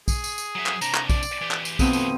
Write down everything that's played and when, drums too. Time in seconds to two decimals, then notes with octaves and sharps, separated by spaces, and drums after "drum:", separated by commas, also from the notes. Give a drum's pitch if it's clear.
0.08 G#4, drum: kick A#1, tambourine
0.24 drum: tambourine
0.38 drum: tambourine
0.55 F#3 E5
0.66 drum: clap
0.81 C3 D4 A#5, drum: tambourine
0.94 drum: clap
1.10 D5, drum: kick A#1, tambourine
1.23 drum: tambourine
1.41 E3 G4
1.51 drum: clap
1.65 drum: tambourine
1.79 F2 B2 D#3 A3 C4 D#6, drum: kick A#1, tambourine
1.93 drum: tambourine